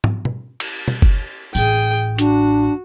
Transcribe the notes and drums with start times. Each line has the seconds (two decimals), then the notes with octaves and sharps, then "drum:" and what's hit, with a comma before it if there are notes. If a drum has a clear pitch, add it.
0.04 drum: tom
0.25 drum: tom B2
0.60 drum: cymbal
0.88 drum: tom B2
1.02 drum: kick F#1
1.55 A1 G#4 G5, drum: tambourine
2.18 D4 F#4, drum: hi-hat